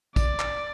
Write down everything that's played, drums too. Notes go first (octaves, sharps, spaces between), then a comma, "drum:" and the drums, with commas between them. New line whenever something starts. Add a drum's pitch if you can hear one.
D5, drum: kick, tambourine
drum: clap